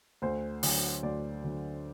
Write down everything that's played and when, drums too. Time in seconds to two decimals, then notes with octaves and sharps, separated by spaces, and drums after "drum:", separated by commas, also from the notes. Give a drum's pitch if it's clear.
0.22 D2 C5
0.63 D3 F#3, drum: open hi-hat
1.03 D2 D5
1.44 D3 F#3